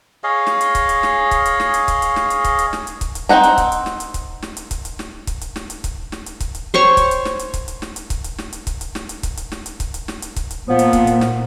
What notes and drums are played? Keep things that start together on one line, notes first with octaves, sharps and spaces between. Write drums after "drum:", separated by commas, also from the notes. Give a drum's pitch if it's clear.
G#4 C#5 D#5 F5
drum: snare
drum: hi-hat
drum: kick C#1, hi-hat
drum: hi-hat
drum: snare
drum: kick C#1, hi-hat
drum: hi-hat
drum: snare
drum: hi-hat
drum: kick C#1, hi-hat
drum: hi-hat
drum: snare
drum: hi-hat
drum: kick C#1, hi-hat
drum: hi-hat
drum: snare
drum: hi-hat
drum: kick C#1, hi-hat
drum: hi-hat
C4 D#4 F#5 A#5, drum: snare
drum: hi-hat
drum: kick C#1, hi-hat
drum: hi-hat
drum: snare
drum: hi-hat
drum: kick C#1, hi-hat
drum: snare
drum: hi-hat
drum: kick C#1, hi-hat
drum: hi-hat
drum: snare
drum: kick C#1, hi-hat
drum: hi-hat
drum: snare
drum: hi-hat
drum: kick C#1, hi-hat
drum: snare
drum: hi-hat
drum: kick C#1, hi-hat
drum: hi-hat
C5 C#5 G5 C#6
drum: kick C#1, hi-hat
drum: hi-hat
drum: snare
drum: hi-hat
drum: kick C#1, hi-hat
drum: hi-hat
drum: snare
drum: hi-hat
drum: kick C#1, hi-hat
drum: hi-hat
drum: snare
drum: hi-hat
drum: kick C#1, hi-hat
drum: hi-hat
drum: snare
drum: hi-hat
drum: kick C#1, hi-hat
drum: hi-hat
drum: snare
drum: hi-hat
drum: kick C#1, hi-hat
drum: hi-hat
drum: snare
drum: hi-hat
drum: kick C#1, hi-hat
drum: hi-hat
A#2 F3 B3
drum: hi-hat
drum: kick C#1, hi-hat
drum: hi-hat
drum: snare